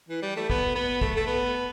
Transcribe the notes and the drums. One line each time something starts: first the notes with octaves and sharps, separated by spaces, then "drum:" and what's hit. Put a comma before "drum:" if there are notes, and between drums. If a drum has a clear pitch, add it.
E3
G3
A3
B3, drum: kick
B3
A3, drum: kick
A3
B3